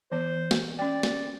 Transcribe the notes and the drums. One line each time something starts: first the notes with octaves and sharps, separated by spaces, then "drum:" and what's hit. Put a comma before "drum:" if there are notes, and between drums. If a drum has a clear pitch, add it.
E3 B3 C5
drum: snare
C#4 D5 G5
drum: snare